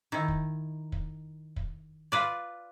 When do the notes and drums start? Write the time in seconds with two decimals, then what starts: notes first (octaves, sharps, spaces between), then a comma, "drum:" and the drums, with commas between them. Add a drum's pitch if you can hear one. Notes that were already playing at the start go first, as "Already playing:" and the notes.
0.12 D#3 E4
0.28 drum: kick
0.92 drum: kick
1.56 drum: kick
2.12 F4 B4 D5